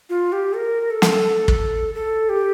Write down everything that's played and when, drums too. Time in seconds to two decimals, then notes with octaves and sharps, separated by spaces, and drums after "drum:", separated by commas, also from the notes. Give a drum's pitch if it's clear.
0.10 F4
0.32 G4
0.56 A#4
0.91 A4
1.02 drum: snare
1.48 drum: kick
1.95 A4
2.29 G4